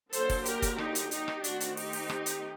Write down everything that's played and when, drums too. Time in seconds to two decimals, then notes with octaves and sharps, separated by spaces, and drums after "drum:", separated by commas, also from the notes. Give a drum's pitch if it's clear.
0.13 D3 F#3 A#3 A4 C5, drum: hi-hat
0.30 drum: kick, open hi-hat
0.46 G4 A#4, drum: hi-hat
0.62 drum: kick, hi-hat
0.78 D#4 G4, drum: rim click
0.95 drum: hi-hat
1.11 D#4 G4, drum: hi-hat
1.28 drum: rim click
1.44 D#3 A3 C4 D4 F#4, drum: hi-hat
1.60 drum: hi-hat
1.77 D#4 G4, drum: open hi-hat
1.93 drum: open hi-hat
2.10 drum: rim click
2.26 drum: hi-hat